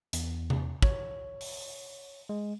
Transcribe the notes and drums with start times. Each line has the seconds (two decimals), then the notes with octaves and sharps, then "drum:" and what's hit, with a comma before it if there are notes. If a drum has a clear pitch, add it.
0.13 E2, drum: hi-hat
0.50 drum: tom C3
0.82 C#5, drum: kick
1.41 drum: open hi-hat
2.29 G#3